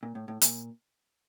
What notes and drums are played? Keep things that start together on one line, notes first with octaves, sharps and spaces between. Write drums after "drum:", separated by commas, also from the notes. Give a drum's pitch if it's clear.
A#2
A2
A2
A#2, drum: hi-hat